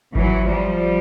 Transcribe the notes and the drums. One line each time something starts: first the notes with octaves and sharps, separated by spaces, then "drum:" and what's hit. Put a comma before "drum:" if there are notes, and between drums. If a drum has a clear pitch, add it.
E3 F#3, drum: kick G#1
F3 G3